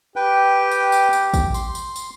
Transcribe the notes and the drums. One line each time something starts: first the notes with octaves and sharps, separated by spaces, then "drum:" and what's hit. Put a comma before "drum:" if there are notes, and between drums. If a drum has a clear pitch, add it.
G4 B4 G5
drum: tambourine
drum: tambourine
drum: tambourine
drum: kick, tambourine
C6, drum: tambourine
drum: tambourine
drum: tambourine